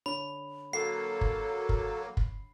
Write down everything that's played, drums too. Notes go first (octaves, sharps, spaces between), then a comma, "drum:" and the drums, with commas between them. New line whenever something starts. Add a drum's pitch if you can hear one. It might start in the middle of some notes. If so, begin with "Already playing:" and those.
D4 C#5 B5
F#3 A#3 A4 F#5 C7
drum: kick
drum: kick
drum: kick